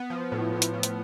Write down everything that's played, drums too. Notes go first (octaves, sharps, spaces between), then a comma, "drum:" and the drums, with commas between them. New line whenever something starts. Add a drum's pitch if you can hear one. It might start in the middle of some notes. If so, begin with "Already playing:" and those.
Already playing: B3
F3
A2
A2
drum: hi-hat
F3
drum: hi-hat